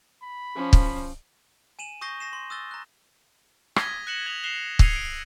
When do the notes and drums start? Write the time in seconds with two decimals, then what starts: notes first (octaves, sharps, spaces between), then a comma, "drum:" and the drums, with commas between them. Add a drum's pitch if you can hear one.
0.23 B5
0.56 F3 C#4
0.73 drum: kick
1.79 G#5 D#7 E7 F#7
2.01 C#6 D#6 G6 A#6 C7 G7
2.20 A#6 C7 E7
2.33 C6
2.50 D#6 E6 F#6 A6 G7
2.71 A#5 F#6
3.76 D#6 G#6 A#6 B6 D#7 G7, drum: rim click
4.07 F#6 A#6 C#7 E7 F#7
4.26 D#6 F#6 G#6 F7
4.44 F#6 C7 E7 F7 G7
4.79 E6 G#6 C7 C#7 D#7 F7, drum: kick
4.96 D7